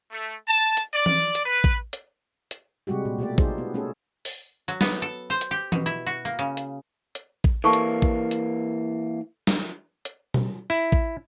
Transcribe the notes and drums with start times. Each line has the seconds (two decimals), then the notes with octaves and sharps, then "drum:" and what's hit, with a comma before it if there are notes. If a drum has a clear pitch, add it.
0.11 A3
0.48 A5
0.77 drum: hi-hat
0.94 D5
1.06 drum: tom E3
1.35 drum: hi-hat
1.44 B4
1.64 drum: kick A1
1.93 drum: hi-hat
2.51 drum: hi-hat
2.87 C3 G3 G#3 F#4 G4
3.05 A#2
3.18 B2 A3 G4 D5
3.38 D#4 F4 G#4 C5, drum: kick A1
3.58 B3
3.74 A3 C#4 G#4 A4
4.25 drum: open hi-hat
4.68 F#3
4.81 B3, drum: snare
5.02 A4
5.30 C5
5.41 drum: hi-hat
5.51 G4
5.72 B2, drum: tom E3
5.86 E4
6.06 F#4
6.25 A#3
6.39 C#3
6.57 drum: hi-hat
7.15 drum: hi-hat
7.44 drum: kick A1
7.64 E3 A#3 A4 A5 C#6
7.73 drum: hi-hat
8.02 drum: kick A1
8.31 drum: hi-hat
9.47 drum: snare
10.05 drum: hi-hat
10.34 drum: tom B2
10.70 E4
10.92 drum: kick A1